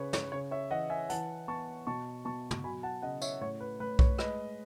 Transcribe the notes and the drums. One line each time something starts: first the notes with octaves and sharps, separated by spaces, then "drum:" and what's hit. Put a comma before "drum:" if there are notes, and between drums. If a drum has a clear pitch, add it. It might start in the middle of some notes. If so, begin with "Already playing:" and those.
Already playing: C#3 C#4 B4 C#5
C#5, drum: snare
C#3 C#5
C#5 E5
E3 D#5 F#5
E5 G#5
E3 F#5 A5, drum: hi-hat
B3 A5 C#6
B2 A5 C#6
B2 A5 C#6
drum: tom
F#3 G#5 B5
F#5 A5
C#3 D#5 F#5
C#5 E5, drum: tambourine
A2 C#5
B4
A2 B4
C#5, drum: kick B1
G#3 B4 D#5, drum: rim click